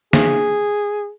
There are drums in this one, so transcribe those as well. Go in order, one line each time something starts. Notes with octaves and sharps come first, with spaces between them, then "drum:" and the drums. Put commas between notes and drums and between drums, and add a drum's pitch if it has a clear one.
G#4, drum: snare